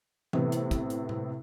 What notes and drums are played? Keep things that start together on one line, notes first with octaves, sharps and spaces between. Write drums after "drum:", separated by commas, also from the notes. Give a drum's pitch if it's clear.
A2 C3 B3, drum: tom E3
drum: hi-hat
drum: kick, hi-hat
drum: hi-hat
drum: tom A2